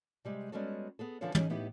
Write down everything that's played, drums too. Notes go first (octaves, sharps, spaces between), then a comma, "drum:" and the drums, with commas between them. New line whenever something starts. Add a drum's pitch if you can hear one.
C3 G3 G#3
G3 G#3 B3 C#4 F#4 A4
B3 G#4 A4
D3 E3 F3 F4 A4 C#5
C#4 D#4 G#4 C#5 D#5, drum: tom
A2 B3 D#4 E4 G4 G#4